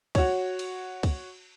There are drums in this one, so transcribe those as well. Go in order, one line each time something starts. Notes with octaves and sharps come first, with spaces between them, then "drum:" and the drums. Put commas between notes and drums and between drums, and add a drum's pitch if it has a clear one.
F#4 C#5, drum: kick, cymbal
drum: cymbal
drum: kick, cymbal